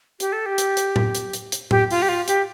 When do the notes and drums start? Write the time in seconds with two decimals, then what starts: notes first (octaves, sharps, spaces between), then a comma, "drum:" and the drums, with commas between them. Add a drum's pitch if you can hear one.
0.20 G4, drum: hi-hat
0.33 A4
0.46 G4
0.58 drum: hi-hat
0.77 drum: hi-hat
0.96 drum: tom A2
1.15 drum: hi-hat
1.33 drum: hi-hat
1.52 drum: hi-hat
1.71 G4, drum: tom A2
1.91 F4, drum: open hi-hat
2.02 G4
2.09 F4
2.28 G4, drum: hi-hat